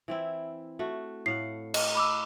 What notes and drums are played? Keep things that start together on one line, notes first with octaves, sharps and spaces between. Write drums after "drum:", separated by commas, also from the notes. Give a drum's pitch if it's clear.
E3 C4 E4
A3 F#4
A2 F5 F#5 C7
D#5, drum: cymbal
B5 D6 E6